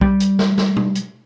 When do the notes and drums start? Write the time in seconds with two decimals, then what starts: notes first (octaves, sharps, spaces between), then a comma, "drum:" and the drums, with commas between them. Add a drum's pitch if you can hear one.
0.01 G3, drum: kick B1
0.20 drum: hi-hat
0.39 drum: snare
0.58 drum: snare
0.76 drum: tom B2
0.95 drum: hi-hat